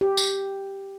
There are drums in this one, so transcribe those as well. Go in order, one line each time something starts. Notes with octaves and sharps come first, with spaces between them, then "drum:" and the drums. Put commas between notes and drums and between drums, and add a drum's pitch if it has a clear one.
G4
drum: tambourine